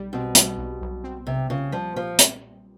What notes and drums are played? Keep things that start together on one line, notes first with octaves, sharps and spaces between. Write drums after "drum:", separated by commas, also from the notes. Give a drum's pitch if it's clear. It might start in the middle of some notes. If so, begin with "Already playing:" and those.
Already playing: B1 G3
B2 C4
G3, drum: hi-hat
B1
B1
C4
B1 C3
A#2 C#3
F3 G3
A#2 F3
drum: hi-hat